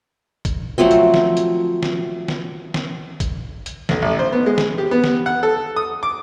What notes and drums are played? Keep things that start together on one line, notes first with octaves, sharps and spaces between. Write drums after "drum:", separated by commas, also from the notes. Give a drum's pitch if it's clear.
drum: kick, hi-hat
F3 F#3 A3 C4
drum: hi-hat
drum: snare
drum: hi-hat
drum: snare
drum: snare
drum: snare
drum: kick, hi-hat
drum: hi-hat
B1, drum: snare
A1
C5
B3
G#3
drum: snare
G4
B3
drum: snare
F#5
A4
D#6
D6